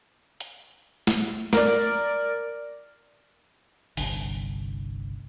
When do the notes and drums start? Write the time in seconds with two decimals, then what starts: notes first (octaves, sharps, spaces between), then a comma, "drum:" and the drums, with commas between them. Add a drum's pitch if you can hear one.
0.41 drum: hi-hat
1.07 drum: snare
1.53 A#4 D5, drum: snare
3.97 G1 C2 D3, drum: open hi-hat